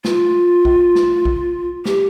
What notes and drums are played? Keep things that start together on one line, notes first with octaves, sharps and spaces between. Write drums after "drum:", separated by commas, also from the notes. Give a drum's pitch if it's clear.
F4, drum: snare
drum: kick A#1
drum: snare
drum: kick A#1
G4, drum: snare